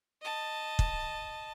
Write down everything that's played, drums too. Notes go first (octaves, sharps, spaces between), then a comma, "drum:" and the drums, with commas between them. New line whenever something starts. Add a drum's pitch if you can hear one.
D#5 A5
drum: kick